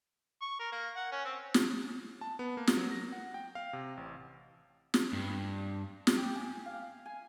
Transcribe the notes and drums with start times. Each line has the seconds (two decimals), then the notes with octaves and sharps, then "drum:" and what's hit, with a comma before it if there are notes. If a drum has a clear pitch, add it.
0.42 C#6
0.59 A#4
0.72 A#3
0.95 F#5
1.12 C#4
1.25 C4
1.54 drum: snare
2.21 A5
2.39 B3
2.57 A#3
2.67 drum: snare
2.77 F#3
2.91 A#6
3.12 F#5
3.34 G5
3.55 F5
3.73 C3
3.97 A1
4.94 drum: snare
5.13 G2
6.07 drum: snare
6.17 G4
6.35 G#5
6.66 F5
7.06 G#5